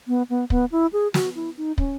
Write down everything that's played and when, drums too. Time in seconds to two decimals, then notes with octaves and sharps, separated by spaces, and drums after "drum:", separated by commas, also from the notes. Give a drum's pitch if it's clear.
0.08 B3
0.30 B3
0.50 B3, drum: kick
0.72 E4
0.93 G#4
1.14 F#4, drum: snare
1.35 E4
1.57 D#4
1.78 C#4, drum: kick